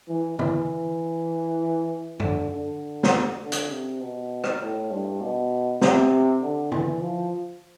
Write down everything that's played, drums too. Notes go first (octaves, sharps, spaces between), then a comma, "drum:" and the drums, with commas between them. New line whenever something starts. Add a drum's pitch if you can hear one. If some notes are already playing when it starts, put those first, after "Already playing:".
E3
E3, drum: tom
D3, drum: tom F#2
D3
drum: snare
D3
drum: hi-hat
C3
B2
drum: rim click
A2
G2
B2
C3, drum: snare
D3
E3, drum: tom
F3